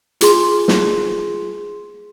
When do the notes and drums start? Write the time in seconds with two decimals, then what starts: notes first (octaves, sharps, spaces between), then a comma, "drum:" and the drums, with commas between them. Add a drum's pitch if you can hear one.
0.21 F4 G#4 C6, drum: hi-hat
0.68 drum: snare